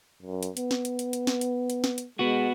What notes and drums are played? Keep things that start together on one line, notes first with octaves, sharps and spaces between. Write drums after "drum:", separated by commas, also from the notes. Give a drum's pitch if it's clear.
F#2
drum: hi-hat
B3, drum: hi-hat
drum: snare
drum: hi-hat
drum: hi-hat
drum: hi-hat
drum: snare
drum: hi-hat
drum: hi-hat
drum: snare
drum: hi-hat
G#3 B3 F#4